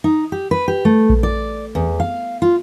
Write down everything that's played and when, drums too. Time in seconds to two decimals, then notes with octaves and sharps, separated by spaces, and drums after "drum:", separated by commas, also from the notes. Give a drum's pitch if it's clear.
0.04 D#4
0.32 G4
0.51 B4
0.68 G4
0.85 A3
1.10 drum: kick A#1
1.23 D5
1.75 E2
2.00 F5
2.42 F4